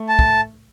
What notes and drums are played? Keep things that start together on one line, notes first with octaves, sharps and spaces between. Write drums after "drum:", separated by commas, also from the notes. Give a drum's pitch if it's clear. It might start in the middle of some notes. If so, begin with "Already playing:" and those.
Already playing: A3
A5
drum: kick